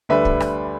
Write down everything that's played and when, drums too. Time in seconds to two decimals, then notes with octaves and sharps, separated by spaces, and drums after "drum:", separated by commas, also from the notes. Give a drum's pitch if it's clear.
0.09 D2 D3 G3 D4 B4 E5
0.25 drum: kick
0.40 drum: rim click